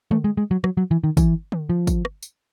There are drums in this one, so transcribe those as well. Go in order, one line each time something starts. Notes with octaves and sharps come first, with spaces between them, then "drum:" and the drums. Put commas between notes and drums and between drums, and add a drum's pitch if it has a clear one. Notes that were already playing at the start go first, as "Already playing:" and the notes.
A3, drum: tom D3
G#3
G#3
F#3
F#3, drum: rim click
F#3
E3
D#3
E3, drum: kick, tambourine
drum: tom D3
F3
drum: kick, tambourine
drum: rim click
drum: tambourine